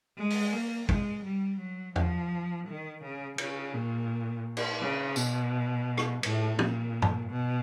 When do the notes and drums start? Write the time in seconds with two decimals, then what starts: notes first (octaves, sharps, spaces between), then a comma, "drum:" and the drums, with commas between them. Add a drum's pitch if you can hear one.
0.18 G#3
0.30 drum: open hi-hat
0.53 A#3
0.89 G#3, drum: kick
1.24 G3
1.60 F#3
1.96 F3, drum: tom
2.67 D#3
3.03 C#3
3.38 C#3, drum: cymbal
3.74 A#2
4.57 drum: cymbal
4.81 C#3
5.16 B2, drum: tambourine
5.98 drum: rim click
6.23 A2, drum: cymbal
6.59 A#2, drum: tom
7.02 drum: tom
7.30 B2